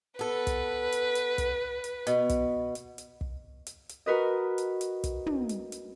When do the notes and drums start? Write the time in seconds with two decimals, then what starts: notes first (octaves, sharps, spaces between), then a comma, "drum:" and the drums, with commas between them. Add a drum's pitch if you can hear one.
0.19 B3 A4 B4
0.47 drum: kick, hi-hat
0.92 drum: hi-hat
1.15 drum: hi-hat
1.38 drum: kick, hi-hat
1.84 drum: hi-hat
2.07 B2, drum: hi-hat
2.29 drum: kick, hi-hat
2.75 drum: hi-hat
2.98 drum: hi-hat
3.21 drum: kick
3.67 drum: hi-hat
3.89 drum: hi-hat
4.06 F#4 A#4 B4 D#5
4.58 drum: hi-hat
4.81 drum: hi-hat
5.04 drum: kick, hi-hat
5.26 drum: tom
5.49 drum: hi-hat
5.72 drum: hi-hat